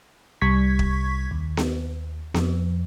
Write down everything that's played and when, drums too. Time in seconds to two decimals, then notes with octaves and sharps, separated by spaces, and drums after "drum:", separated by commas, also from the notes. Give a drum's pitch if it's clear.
0.41 C2 G3 C#6 G#6 B6
0.79 drum: kick
1.31 D#2
1.57 drum: snare B3
2.34 F2, drum: snare B3